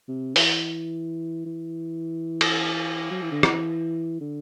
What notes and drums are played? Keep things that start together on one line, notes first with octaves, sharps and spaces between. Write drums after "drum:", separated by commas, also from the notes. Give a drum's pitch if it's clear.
C3
E3, drum: open hi-hat
E3
drum: cymbal
F#3
E3
D3
E3, drum: rim click
D3